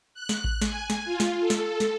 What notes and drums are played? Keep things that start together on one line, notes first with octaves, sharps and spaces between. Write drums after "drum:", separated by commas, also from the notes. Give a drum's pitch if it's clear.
F#6
drum: snare
drum: kick A1
G#5, drum: snare
drum: snare
F4
drum: snare
A4
drum: snare
drum: snare